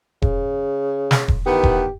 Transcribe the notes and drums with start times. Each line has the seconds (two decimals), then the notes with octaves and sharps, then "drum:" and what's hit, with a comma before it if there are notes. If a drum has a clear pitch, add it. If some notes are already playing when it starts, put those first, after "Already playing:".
0.22 C#3, drum: kick E1
1.11 drum: snare
1.28 drum: kick E1
1.46 D#3 E3 B3 G4
1.63 drum: kick E1